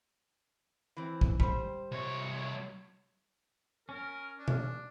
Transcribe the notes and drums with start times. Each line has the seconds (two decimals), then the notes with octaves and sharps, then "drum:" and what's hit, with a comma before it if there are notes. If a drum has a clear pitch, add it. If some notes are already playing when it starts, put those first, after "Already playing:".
0.97 E3 C4
1.21 drum: kick
1.40 G3 C5, drum: kick
1.91 C2 C#5
3.89 C#4 A#4
4.38 D4
4.48 drum: tom B2